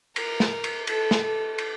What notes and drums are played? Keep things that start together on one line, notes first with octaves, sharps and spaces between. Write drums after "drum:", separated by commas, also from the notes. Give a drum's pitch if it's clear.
A#4, drum: cymbal
drum: snare
drum: cymbal
A4, drum: cymbal
drum: snare
A4
drum: cymbal